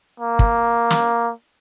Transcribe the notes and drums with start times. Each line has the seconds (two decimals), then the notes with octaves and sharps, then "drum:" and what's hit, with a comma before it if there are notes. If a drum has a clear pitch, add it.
0.20 A#3
0.39 drum: kick
0.90 drum: snare